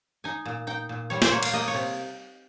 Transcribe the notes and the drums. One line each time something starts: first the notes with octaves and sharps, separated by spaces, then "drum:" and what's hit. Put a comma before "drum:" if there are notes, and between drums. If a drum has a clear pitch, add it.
D#4 G#5
A#2
D#4 G5
A#2
G3 C#5
C5, drum: snare
A#3 C#5
F5, drum: cymbal
A#3 D#5
C#5
C3